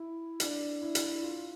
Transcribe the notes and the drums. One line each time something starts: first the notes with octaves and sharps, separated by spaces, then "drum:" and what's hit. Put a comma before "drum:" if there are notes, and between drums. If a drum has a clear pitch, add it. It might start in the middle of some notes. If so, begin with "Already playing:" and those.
Already playing: E4
D4, drum: hi-hat
E4
drum: hi-hat
F4